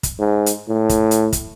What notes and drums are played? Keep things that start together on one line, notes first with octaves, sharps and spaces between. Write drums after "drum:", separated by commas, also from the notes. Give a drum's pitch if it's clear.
drum: kick, hi-hat
G#2
drum: hi-hat
A2
drum: kick, hi-hat
drum: hi-hat
drum: kick, hi-hat